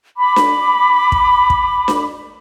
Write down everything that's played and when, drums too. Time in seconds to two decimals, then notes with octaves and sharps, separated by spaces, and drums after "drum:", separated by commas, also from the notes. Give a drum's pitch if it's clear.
0.17 B5 D6
0.36 drum: snare D4
1.12 drum: kick
1.50 drum: kick
1.88 drum: snare D4